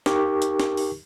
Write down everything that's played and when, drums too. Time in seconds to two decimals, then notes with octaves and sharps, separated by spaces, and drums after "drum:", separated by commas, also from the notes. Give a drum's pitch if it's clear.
0.06 D#4 G4 A#4 C#6, drum: snare
0.42 drum: hi-hat
0.60 drum: snare
0.77 drum: open hi-hat